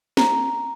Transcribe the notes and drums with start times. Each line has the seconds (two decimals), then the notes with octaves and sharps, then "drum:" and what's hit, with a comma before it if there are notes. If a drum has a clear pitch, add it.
0.17 A#5, drum: snare